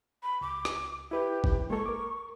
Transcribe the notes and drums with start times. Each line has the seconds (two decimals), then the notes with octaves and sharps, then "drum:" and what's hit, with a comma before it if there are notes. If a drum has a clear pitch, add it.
0.23 B5
0.41 C#2 D6
0.65 drum: rim click
1.11 E4 G4 B4
1.44 drum: kick
1.70 G#3 A#3 A4 C#6
1.86 A#4 D6